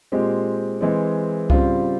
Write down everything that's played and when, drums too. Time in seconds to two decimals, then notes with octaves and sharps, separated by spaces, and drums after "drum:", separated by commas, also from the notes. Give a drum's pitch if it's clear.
0.12 A#2 G#3 C4 G4
0.81 E3 G#3 C4
1.50 C#3 G3 C4 F4, drum: kick C2